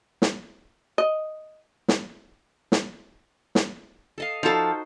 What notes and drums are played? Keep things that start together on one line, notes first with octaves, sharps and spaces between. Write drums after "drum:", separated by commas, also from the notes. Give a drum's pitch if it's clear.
drum: snare
D#5
drum: snare
drum: snare
drum: snare
A4 D#5 F5
F3 D#4 F#4 A4 C5